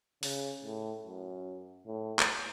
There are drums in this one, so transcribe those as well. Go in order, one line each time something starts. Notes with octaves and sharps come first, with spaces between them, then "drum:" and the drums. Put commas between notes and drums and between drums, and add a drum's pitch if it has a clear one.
C#3, drum: open hi-hat
A2
F#2
A2
drum: clap